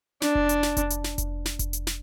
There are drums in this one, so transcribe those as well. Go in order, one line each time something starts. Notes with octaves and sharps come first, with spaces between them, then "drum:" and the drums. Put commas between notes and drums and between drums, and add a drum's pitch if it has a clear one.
D4, drum: snare
drum: kick F1
drum: hi-hat
drum: snare
drum: kick F1, hi-hat
drum: hi-hat
drum: snare
drum: kick F1, hi-hat
drum: snare
drum: kick F1, hi-hat
drum: hi-hat
drum: snare